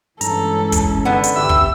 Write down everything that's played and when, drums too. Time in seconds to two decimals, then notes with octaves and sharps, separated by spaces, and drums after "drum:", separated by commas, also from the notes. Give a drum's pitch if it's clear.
0.21 G2 E3 G#3 C#4 A4 A#5, drum: hi-hat
0.72 drum: kick, hi-hat
1.05 D3 B3
1.24 drum: hi-hat
1.36 G1 G4 E5 E6
1.49 drum: kick